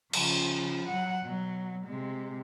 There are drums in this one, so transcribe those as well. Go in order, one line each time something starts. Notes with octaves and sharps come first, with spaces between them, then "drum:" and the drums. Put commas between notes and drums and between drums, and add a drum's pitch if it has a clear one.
C#3 F3, drum: cymbal
F#3 F#5
B2 F#3
C3 G#3